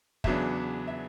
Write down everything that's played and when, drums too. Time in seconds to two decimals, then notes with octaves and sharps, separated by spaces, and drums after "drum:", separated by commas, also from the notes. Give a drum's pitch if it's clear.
0.24 E2 C#3 F#3 B3 D4 E5, drum: kick
0.87 E5